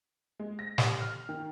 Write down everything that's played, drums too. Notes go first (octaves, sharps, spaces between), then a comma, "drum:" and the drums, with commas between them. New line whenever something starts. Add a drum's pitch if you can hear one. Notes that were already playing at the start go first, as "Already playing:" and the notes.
G#3
A#6
G4, drum: snare
F6
D#3